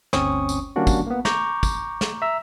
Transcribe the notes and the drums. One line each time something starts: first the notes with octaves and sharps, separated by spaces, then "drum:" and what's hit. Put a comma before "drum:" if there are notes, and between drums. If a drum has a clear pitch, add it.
G1 D2 C4 C#4 C#6 D#6, drum: snare
drum: tambourine
D#3 G3 A#3 C#4 D4 F#4
drum: kick, tambourine
A#3 B3
A#5 C#6 D6 G6, drum: snare
drum: kick, tambourine
drum: snare
E5 A#5 E6